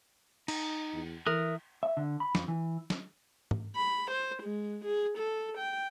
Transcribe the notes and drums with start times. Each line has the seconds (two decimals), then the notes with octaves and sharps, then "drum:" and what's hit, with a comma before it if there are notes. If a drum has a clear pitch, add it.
0.48 D#4, drum: cymbal
0.94 E2
1.26 E3 A#4 E5 D#6 F#6
1.83 E5
1.97 D3
2.20 B5
2.35 F2, drum: snare
2.48 E3
2.90 drum: snare
3.51 drum: tom
3.76 B5
4.11 C5
4.43 G#3
4.85 G#4
5.18 A4
5.58 G5